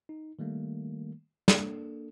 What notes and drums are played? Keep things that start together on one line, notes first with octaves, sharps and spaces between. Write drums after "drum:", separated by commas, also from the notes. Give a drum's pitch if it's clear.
D#4
D#3 G3 A3 A#3
A#3 D4 A4, drum: snare